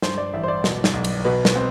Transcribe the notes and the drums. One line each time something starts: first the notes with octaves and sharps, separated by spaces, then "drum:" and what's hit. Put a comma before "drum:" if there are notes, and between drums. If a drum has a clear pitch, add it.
G2 C5, drum: snare
D5
A1 E5
C5
D5
B2, drum: snare
drum: snare
B1
drum: cymbal
B2 B4
drum: snare
C4